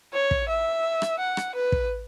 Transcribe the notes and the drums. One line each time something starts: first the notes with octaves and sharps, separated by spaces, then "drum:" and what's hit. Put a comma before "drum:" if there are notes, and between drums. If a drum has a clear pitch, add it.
C#5
drum: kick
E5
drum: rim click
F#5
drum: rim click
B4
drum: kick